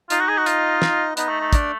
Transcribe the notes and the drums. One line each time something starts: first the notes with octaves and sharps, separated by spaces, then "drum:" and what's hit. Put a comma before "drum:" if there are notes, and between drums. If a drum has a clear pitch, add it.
D#4 F4 D#5, drum: hi-hat
F#4
G#4
F#4
F4, drum: hi-hat
drum: snare
B3 D#4 D#5, drum: hi-hat
A3
A3
D4 D5, drum: kick, hi-hat